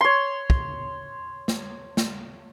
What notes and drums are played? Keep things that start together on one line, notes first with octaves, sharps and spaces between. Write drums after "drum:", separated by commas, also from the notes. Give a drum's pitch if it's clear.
C#5 C6
drum: kick
drum: snare
drum: snare